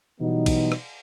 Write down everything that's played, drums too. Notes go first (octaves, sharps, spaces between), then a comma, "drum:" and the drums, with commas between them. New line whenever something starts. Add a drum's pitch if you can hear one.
B2 E3 F#3 G3 B3 D#4
drum: kick A#1, cymbal
drum: rim click